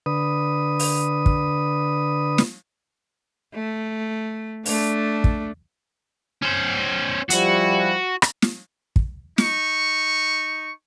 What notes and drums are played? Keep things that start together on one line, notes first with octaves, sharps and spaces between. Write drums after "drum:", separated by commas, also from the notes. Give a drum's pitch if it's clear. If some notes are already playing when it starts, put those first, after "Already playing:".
D3 B4 D#6
drum: open hi-hat
drum: kick
drum: snare
A3
A3 D4, drum: open hi-hat
drum: kick
C#4 C5
F3 G3 E4 F#4, drum: hi-hat
drum: rim click
drum: snare
drum: kick
D#4 C#6, drum: snare